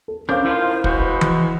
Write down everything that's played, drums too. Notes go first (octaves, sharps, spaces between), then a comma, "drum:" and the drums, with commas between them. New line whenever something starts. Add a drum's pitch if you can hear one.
A4
C#4 D4 A#4 C5 F5 D6 G6
D#3 F3 E4 F4
E3 G#3 F#4, drum: kick
drum: tom E3